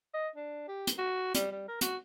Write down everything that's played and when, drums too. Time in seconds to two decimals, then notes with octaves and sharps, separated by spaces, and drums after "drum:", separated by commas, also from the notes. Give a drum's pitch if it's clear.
0.14 D#5
0.36 D4
0.68 G4
0.87 drum: hi-hat
0.98 F#4
1.34 G3, drum: hi-hat
1.52 G3
1.68 A#4
1.81 F#4, drum: hi-hat